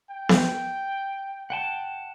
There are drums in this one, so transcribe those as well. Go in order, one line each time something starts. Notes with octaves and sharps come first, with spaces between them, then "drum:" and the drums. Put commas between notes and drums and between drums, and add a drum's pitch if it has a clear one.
G5
drum: snare B3
F#5 G5 A5